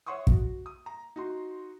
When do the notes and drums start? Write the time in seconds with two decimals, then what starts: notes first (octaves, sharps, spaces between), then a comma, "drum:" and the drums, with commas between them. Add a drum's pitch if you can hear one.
0.06 C#5 E5 F#5 C6 C#6 D#6
0.27 F#4, drum: kick
0.66 D#6
0.86 A#5
1.16 D#4 F#4 C6